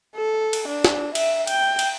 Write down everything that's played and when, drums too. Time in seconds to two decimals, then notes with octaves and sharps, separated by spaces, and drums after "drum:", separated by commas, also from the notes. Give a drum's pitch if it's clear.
0.16 A4
0.53 drum: cymbal
0.68 D4
0.85 drum: snare
1.15 E5, drum: cymbal
1.47 G5, drum: cymbal
1.79 drum: cymbal